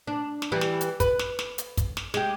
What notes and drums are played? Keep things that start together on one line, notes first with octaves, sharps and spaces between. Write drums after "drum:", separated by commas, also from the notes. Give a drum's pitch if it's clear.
D4
drum: snare
E3 G3
drum: snare
drum: hi-hat
B4, drum: kick, hi-hat
drum: snare
drum: snare
drum: hi-hat
drum: kick, hi-hat
drum: snare
G#3 G4, drum: snare